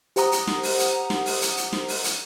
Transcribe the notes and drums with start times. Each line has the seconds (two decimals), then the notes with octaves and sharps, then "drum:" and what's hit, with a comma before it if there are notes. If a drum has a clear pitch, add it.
0.16 G4 C5 F#5 A#5 D#6, drum: hi-hat
0.32 drum: hi-hat
0.47 drum: snare
0.63 drum: open hi-hat
0.79 drum: hi-hat
1.10 drum: snare
1.26 drum: open hi-hat
1.41 drum: hi-hat
1.57 drum: hi-hat
1.73 drum: snare
1.88 drum: open hi-hat
2.04 drum: hi-hat